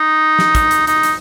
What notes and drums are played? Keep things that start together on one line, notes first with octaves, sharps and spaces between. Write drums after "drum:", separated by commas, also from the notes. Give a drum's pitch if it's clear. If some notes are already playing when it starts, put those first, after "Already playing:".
Already playing: D#4
drum: snare
drum: kick, hi-hat
drum: hi-hat
D#4, drum: hi-hat
drum: hi-hat